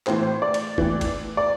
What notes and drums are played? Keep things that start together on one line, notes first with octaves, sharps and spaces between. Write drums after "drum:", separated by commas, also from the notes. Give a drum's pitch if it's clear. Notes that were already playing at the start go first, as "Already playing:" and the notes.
A2 E3 C5, drum: clap
D5
drum: cymbal
A2 E3, drum: kick
drum: kick, cymbal
D5